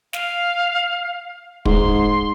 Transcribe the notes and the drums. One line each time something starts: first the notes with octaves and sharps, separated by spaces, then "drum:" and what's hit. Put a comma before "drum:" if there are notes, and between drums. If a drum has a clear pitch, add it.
F5, drum: snare
G#2 C6, drum: kick